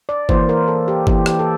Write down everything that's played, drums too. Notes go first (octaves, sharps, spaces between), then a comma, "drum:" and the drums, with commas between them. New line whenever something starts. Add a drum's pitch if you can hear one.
D5
E3 A#3 C5, drum: kick G1
A#4
A4
G4
E3 A#3 G4, drum: kick G1
G4, drum: rim click
A4